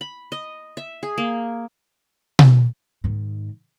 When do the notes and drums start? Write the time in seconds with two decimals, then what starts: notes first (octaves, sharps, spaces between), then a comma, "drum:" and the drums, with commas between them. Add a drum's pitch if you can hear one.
0.01 B5
0.32 D#5
0.77 E5
1.03 G#4
1.18 A#3
2.39 drum: tom B2
3.04 G#2 D#3